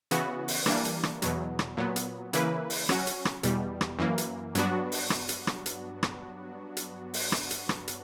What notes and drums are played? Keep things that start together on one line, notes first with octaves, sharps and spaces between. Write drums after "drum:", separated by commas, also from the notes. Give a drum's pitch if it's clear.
C#3 E3 B3 F#4, drum: hi-hat
drum: open hi-hat
E3 G3 A#3 D4, drum: rim click
drum: hi-hat
drum: rim click
E2 B2 F#3, drum: hi-hat
drum: rim click
A#2 F#3 B3
drum: hi-hat
C#3 E3 A#3 E4 B4, drum: hi-hat
drum: open hi-hat
F#3 C#4 F#4, drum: rim click
drum: hi-hat
drum: rim click
E2 B2 G3, drum: hi-hat
drum: rim click
F#2 E3 A#3
drum: hi-hat
G2 F#3 B3 D4 F#4, drum: hi-hat
drum: open hi-hat
drum: rim click
drum: hi-hat
drum: rim click
drum: hi-hat
drum: rim click
drum: hi-hat
drum: open hi-hat
drum: rim click
drum: hi-hat
drum: rim click
drum: hi-hat